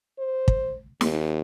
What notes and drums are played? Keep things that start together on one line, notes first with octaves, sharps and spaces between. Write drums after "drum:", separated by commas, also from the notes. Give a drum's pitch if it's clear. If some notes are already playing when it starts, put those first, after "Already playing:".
C5
drum: kick
D#2, drum: snare